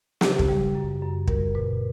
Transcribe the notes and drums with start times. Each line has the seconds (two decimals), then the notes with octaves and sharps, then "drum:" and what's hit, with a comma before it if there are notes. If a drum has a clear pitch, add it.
0.21 C#3 G4, drum: snare
0.39 drum: kick
0.48 G3
0.75 F#2
1.02 F#2
1.28 G3 A#4, drum: kick
1.55 A#2 B4